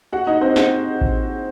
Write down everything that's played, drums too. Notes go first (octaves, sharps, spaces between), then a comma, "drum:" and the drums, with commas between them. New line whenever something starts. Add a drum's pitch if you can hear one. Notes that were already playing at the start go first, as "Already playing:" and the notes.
F#4 F#5
D#4 D#5
C4 C5
C4 C5, drum: snare
drum: kick A1